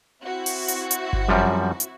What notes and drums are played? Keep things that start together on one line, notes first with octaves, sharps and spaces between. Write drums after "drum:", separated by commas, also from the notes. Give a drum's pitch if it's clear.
C4 E4 F#4
drum: open hi-hat
drum: hi-hat
drum: hi-hat
drum: kick G1
F#2 F3 G3
drum: hi-hat